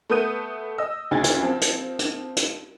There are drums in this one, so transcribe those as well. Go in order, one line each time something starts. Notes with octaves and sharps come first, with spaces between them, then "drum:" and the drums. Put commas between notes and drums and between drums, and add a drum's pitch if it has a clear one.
A3 B3 B4 D#6 G6 D#7
D#5 E6
D2 C#3 D#4 G#4 G#6 A6
drum: hi-hat
F3 C4
drum: hi-hat
drum: hi-hat
drum: hi-hat